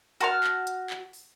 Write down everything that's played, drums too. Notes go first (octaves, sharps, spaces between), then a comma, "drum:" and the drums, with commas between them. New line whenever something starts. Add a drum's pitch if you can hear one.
F#4 A5 C6 F6, drum: hi-hat
drum: clap
drum: hi-hat
drum: clap
drum: open hi-hat